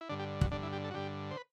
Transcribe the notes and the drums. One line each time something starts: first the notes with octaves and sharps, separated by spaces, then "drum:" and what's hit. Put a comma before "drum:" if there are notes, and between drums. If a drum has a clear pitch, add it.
E4
G2 D3 D4
G4
F#4, drum: kick
G2 D3 D4
E4
G4
A4
F#4
G2 D3 G4
C5
B4